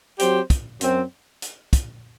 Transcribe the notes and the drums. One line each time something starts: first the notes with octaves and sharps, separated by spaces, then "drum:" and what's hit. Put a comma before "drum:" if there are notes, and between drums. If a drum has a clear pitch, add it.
F#3 C4 G4 C5, drum: hi-hat
drum: kick, hi-hat
F#2 F#3 C4, drum: hi-hat
drum: hi-hat
drum: kick, hi-hat